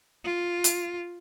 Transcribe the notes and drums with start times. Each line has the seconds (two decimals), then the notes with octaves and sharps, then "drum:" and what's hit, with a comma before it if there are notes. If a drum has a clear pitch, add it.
0.25 F4
0.64 drum: hi-hat